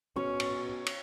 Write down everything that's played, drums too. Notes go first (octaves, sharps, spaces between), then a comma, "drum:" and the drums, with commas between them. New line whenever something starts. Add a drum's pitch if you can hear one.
B2 C#4 C#5
drum: cymbal
drum: cymbal